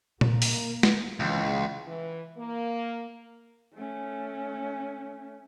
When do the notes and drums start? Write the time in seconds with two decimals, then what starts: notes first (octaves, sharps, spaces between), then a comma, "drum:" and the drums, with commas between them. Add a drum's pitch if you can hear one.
0.21 A#3, drum: tom A#2
0.42 drum: open hi-hat
0.83 drum: snare
1.20 C#2 C#3 E3
1.87 E3
2.38 A#3
3.75 A3 C#4